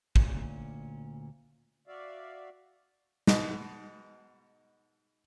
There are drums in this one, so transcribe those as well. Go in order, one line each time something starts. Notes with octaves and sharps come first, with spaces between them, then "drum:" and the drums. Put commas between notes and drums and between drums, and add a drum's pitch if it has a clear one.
D2 A#2 C#4, drum: kick
F#4 D5 E5 F5
G#2 B2 D#5, drum: snare